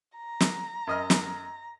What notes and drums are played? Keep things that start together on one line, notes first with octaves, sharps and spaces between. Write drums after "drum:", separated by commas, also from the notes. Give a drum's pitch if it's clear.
A#5
drum: snare
F#2 D#5 F6
drum: snare